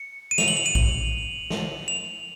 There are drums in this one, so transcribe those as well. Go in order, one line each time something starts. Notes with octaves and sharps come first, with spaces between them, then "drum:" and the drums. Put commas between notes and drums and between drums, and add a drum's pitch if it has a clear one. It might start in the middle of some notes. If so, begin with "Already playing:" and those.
Already playing: C#7
D#7
F7, drum: snare
F#7
F7
D#7
F#7, drum: kick A#1
drum: snare
F7